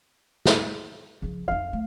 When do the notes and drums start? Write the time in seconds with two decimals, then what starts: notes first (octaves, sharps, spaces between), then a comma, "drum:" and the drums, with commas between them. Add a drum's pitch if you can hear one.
0.46 drum: snare
1.22 C#3 F3
1.48 F2 D#4 F5
1.73 A3